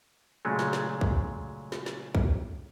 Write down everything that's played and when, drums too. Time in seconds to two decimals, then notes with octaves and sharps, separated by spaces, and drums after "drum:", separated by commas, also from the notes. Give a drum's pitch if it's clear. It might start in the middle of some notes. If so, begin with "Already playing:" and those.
0.45 A#2 C#3 F#3 G#3 A3
0.59 drum: snare
0.73 drum: snare
1.01 drum: kick
1.72 drum: snare
1.86 drum: snare
2.15 drum: kick